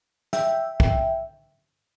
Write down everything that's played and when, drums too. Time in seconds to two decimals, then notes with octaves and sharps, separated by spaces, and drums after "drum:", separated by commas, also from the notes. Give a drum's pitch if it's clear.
0.33 E5 G5, drum: snare
0.80 drum: kick